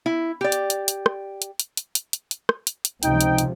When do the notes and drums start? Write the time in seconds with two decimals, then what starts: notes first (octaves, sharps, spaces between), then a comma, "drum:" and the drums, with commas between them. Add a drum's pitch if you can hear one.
0.06 E4
0.41 G4 D5
0.52 drum: hi-hat
0.70 drum: hi-hat
0.88 drum: hi-hat
1.06 drum: rim click
1.42 drum: hi-hat
1.60 drum: hi-hat
1.77 drum: hi-hat
1.95 drum: hi-hat
2.13 drum: hi-hat
2.31 drum: hi-hat
2.49 drum: rim click
2.67 drum: hi-hat
2.85 drum: hi-hat
3.03 C#2 C3 F3 D#4 G5, drum: hi-hat
3.21 drum: hi-hat
3.38 drum: hi-hat